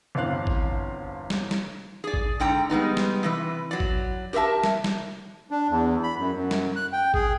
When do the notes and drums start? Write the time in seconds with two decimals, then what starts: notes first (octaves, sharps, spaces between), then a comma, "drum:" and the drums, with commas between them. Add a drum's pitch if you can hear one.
0.15 G1 E2 C4 F5 F#6
0.47 drum: kick
1.30 drum: snare
1.51 drum: snare
2.04 G#4 D5
2.14 drum: kick
2.40 G#2 D3 G5 A#5
2.70 G3 G#3 B3 D#4
2.97 drum: snare
3.23 C3 E3 B4
3.71 F#3 D5
3.80 drum: kick
4.33 G4 A#4 B4 E5 A5
4.64 drum: snare
4.84 drum: snare
5.51 D4
5.70 E2
6.03 B5
6.18 F#2
6.34 F#2
6.51 drum: snare
6.76 F#6
6.93 G5
7.14 G#4, drum: kick